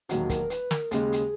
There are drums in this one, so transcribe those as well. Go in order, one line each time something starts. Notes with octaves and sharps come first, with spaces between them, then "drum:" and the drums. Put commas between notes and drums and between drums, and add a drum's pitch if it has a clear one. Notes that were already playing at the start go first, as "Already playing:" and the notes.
E1 D#2 D#3 F#3 F#4, drum: hi-hat
A#4, drum: kick, hi-hat
B4, drum: hi-hat
A#4, drum: snare
D#2 C#3 G#3 G#4, drum: hi-hat
drum: hi-hat